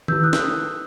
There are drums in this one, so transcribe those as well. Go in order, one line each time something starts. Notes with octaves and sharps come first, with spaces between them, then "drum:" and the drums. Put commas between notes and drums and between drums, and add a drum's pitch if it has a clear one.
E4 G4 B4 E6 G6, drum: tom D#3
D#6 F#6
drum: snare